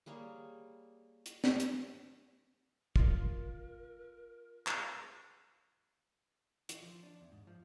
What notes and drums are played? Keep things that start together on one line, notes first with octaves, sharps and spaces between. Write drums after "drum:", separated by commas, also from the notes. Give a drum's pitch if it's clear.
G3 A#3 G#4 C#5
drum: hi-hat
drum: snare
drum: hi-hat
F4 A#4, drum: kick
drum: clap
E3, drum: hi-hat
F3
D4
E2
G#2
F3